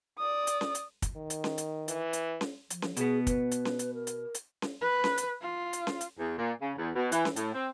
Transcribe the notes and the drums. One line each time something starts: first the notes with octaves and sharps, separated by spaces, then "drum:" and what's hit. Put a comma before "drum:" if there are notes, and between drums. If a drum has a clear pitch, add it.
D5 D#6
drum: hi-hat
drum: snare C#4
drum: hi-hat
drum: kick, hi-hat
D#3
drum: hi-hat
drum: snare C#4
drum: hi-hat
E3, drum: hi-hat
drum: hi-hat
drum: snare C#4
F3, drum: hi-hat
drum: snare C#4
B2 B3 G#4, drum: hi-hat
B4, drum: kick, hi-hat
drum: hi-hat
drum: snare C#4
drum: hi-hat
A#4
drum: hi-hat
drum: hi-hat
drum: snare C#4
B4
drum: snare C#4
drum: hi-hat
F4
drum: hi-hat
drum: snare C#4
drum: hi-hat
E2
A#2
C#3
E2
B2
E3, drum: hi-hat
drum: snare C#4
A2, drum: hi-hat
C4